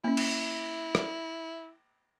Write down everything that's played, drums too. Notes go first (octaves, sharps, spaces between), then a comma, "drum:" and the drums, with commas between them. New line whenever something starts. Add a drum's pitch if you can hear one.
A#3 C#4 E4
drum: cymbal
drum: rim click